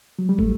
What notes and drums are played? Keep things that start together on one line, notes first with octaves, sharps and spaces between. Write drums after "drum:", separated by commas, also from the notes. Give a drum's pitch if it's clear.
F#3
G3
A2 A3, drum: kick